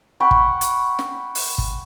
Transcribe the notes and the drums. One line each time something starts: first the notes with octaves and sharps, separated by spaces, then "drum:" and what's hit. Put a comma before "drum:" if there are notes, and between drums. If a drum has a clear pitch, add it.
F#5 G5 B5 C#6
drum: kick
drum: hi-hat
drum: snare
drum: open hi-hat
drum: kick